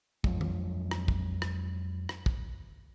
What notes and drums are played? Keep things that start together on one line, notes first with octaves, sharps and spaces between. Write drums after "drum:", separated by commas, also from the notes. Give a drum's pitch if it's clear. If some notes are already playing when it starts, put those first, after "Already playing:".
F2 F3 F#3 G#3, drum: kick
drum: tom D#3
drum: rim click
drum: kick
drum: rim click
drum: rim click
drum: kick